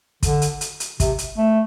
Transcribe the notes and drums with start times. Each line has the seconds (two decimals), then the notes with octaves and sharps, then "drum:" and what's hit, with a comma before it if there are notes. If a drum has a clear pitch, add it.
0.23 D3, drum: kick, hi-hat
0.42 drum: hi-hat
0.61 drum: hi-hat
0.80 drum: hi-hat
1.00 C3, drum: kick, hi-hat
1.18 drum: hi-hat
1.37 A3